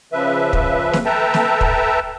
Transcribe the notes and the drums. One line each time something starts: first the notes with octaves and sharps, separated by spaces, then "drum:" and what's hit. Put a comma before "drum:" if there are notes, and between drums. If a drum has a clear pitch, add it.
C#3 F3 B4 E5
drum: kick
drum: snare
A4 B4 E5 G5 A5 A#5
drum: snare
drum: kick